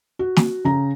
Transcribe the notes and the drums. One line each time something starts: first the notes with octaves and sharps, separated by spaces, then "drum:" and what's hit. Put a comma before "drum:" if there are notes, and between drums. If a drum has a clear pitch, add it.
F#4
drum: snare
C#3 A#5